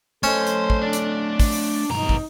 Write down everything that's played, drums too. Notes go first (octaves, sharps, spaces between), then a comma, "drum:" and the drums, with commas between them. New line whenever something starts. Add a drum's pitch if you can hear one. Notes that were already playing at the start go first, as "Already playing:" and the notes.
A3 C#4 A4 C5 C#5 D#5
drum: hi-hat
drum: kick
D4
drum: hi-hat
drum: kick, open hi-hat
B1 G2 B3 D#4 A#5
drum: kick